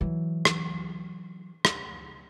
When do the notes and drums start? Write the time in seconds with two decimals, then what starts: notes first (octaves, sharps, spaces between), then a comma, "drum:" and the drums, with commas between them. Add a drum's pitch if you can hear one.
0.01 E3 F#3
0.45 drum: rim click
1.65 drum: rim click